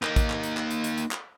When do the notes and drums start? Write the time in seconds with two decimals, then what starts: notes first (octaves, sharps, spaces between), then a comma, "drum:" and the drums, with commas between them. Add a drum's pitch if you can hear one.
0.03 A#3 D#4, drum: clap
0.16 drum: kick, hi-hat
0.30 drum: clap
0.43 drum: hi-hat
0.57 drum: clap
0.71 drum: hi-hat
0.84 drum: hi-hat
0.98 drum: hi-hat
1.11 drum: clap